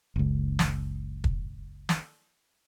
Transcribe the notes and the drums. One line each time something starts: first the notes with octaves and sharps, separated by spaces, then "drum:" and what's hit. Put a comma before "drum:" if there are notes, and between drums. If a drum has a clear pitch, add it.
F#1 C#2
drum: snare
drum: kick
drum: snare